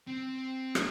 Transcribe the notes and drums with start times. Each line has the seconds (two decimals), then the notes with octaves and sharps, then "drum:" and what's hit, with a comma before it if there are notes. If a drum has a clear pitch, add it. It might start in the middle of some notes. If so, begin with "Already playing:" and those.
0.08 C4
0.75 A3, drum: rim click